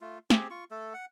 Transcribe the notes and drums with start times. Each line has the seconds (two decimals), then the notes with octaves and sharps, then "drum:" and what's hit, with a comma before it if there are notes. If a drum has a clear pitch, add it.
0.01 A3 F4
0.30 C4 G4 G#4, drum: snare
0.50 F4 C#6
0.71 A3 A4
0.94 F#5